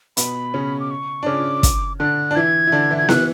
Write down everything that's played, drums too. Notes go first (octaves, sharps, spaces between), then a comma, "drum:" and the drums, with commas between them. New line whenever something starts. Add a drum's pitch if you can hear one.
B2 B3 B5, drum: hi-hat
C#3 C#4
D6
C#6
D4
C#3 C#4 D6
drum: kick, hi-hat
D3 D4 F#6
D4
E3 E4 G#6
E4
D3 D4
E3 E4
G#6
E3 E4 F#6, drum: snare B3